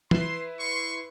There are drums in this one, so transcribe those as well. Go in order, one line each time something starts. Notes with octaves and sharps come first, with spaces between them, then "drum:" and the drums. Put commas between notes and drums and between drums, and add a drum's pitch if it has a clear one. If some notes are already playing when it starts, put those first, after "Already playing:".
E4 B4 C6 E7, drum: tom E3
C6 C#6